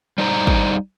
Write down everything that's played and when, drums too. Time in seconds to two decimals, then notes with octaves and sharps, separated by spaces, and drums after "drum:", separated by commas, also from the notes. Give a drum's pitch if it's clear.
0.18 G3 D#4 C5 A#5
0.47 drum: kick